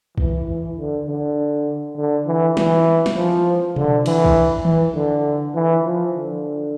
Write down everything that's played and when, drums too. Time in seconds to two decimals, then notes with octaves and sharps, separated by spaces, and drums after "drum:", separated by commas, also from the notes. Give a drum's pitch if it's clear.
0.18 E3, drum: kick
0.48 E3
0.77 D3
1.06 D3
1.97 D3
2.27 E3
2.57 E3, drum: snare
3.06 drum: snare
3.16 F3
3.76 D3, drum: tom B2
4.06 E3, drum: cymbal
4.24 drum: kick
4.65 E3, drum: tom D#3
4.95 D3
5.55 E3
5.85 F3
6.15 D3